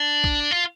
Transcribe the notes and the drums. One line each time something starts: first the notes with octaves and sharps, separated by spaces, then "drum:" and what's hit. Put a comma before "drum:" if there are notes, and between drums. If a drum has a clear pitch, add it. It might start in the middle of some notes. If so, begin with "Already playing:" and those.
Already playing: D4
drum: kick
F4